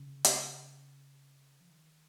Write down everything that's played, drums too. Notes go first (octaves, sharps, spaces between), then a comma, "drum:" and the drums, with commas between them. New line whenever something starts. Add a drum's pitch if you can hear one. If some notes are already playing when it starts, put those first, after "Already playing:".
Already playing: C#3
drum: hi-hat
F3
D#3